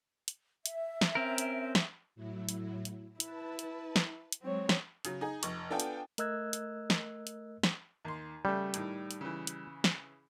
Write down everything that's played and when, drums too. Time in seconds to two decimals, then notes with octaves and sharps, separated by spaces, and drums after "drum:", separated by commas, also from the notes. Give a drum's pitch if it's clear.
0.28 drum: hi-hat
0.66 E5, drum: hi-hat
1.01 drum: snare
1.15 C4 C#4 A#4
1.38 drum: hi-hat
1.75 drum: snare
2.15 A2 F#3 E4
2.49 drum: hi-hat
2.85 drum: hi-hat
3.20 E4 B4 A5, drum: hi-hat
3.59 drum: hi-hat
3.96 drum: snare
4.32 drum: hi-hat
4.42 F#3 G#3 C4 C#5
4.69 drum: snare
5.05 C#3 F#3, drum: hi-hat
5.21 D#4 G#4
5.43 F1 C#6, drum: hi-hat
5.71 B3 D4 F4 A4 G5 G#5
5.80 drum: hi-hat
6.18 A3 A#4 D#5 E6 F#6 G#6, drum: hi-hat
6.53 drum: hi-hat
6.90 drum: snare
7.27 drum: hi-hat
7.63 drum: snare
8.05 D#2 C6
8.45 C#3 G3 A3
8.74 A2 D#3, drum: hi-hat
9.11 drum: hi-hat
9.21 C#3 E3
9.47 drum: hi-hat
9.84 drum: snare